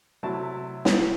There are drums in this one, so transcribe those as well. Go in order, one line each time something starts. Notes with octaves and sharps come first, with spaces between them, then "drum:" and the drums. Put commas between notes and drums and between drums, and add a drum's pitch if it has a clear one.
C3 F#3 A3 E4 A5
drum: snare